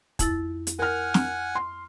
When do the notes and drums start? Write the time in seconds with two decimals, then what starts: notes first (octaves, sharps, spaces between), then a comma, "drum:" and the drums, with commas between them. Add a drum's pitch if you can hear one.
0.19 F2 E4 A6, drum: kick, hi-hat
0.67 drum: hi-hat
0.79 A#4 F#5 G#5 F6
1.14 drum: snare
1.55 C6